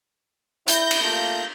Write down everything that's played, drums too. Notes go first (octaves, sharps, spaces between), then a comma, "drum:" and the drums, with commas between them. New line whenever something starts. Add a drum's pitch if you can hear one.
E4 G6 A#6, drum: hi-hat
drum: cymbal
A3 A#3 F4